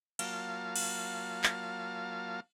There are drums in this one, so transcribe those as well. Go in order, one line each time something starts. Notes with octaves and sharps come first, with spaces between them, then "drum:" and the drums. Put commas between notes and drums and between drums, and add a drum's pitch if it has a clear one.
F#3 A#3 F4 F5 A5, drum: cymbal
drum: cymbal
drum: clap